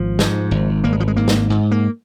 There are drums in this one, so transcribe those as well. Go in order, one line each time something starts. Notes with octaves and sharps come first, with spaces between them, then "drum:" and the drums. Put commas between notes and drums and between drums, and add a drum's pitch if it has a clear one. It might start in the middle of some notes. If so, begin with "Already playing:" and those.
Already playing: G#1 F3
G#2, drum: snare
G#1
G#1 A#3
G#3
F3
G#3
G#2 A#3
drum: snare
G#2
A#3